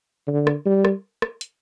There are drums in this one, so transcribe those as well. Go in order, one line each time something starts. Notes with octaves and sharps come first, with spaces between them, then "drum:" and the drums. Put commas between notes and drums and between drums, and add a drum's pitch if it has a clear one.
D3
drum: rim click
G3
drum: rim click
drum: rim click
drum: hi-hat